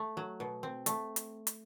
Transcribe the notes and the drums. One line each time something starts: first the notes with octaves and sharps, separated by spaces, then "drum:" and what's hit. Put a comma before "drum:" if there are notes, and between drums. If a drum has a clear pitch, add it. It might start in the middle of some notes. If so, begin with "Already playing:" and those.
Already playing: A3
F#3
B2
C4
A3, drum: hi-hat
drum: hi-hat
drum: hi-hat